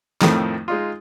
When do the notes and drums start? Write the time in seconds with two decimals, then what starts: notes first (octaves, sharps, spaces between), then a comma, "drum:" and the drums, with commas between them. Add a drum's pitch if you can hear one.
0.22 F2 A2 D#3 A3 C4, drum: snare
0.68 G#3 D#4 F4